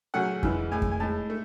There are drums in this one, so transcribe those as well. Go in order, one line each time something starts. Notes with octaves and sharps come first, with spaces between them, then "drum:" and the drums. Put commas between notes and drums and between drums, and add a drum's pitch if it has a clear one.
C#3 F#3 A3 F#5
C#3 E3 G#3, drum: kick F2
A2 G#3 G#5
drum: kick F2
G#5
A2 G#3 A5
A3